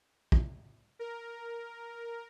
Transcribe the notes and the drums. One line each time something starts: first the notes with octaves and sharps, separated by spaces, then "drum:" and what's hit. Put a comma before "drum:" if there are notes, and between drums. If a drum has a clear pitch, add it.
drum: kick
A#4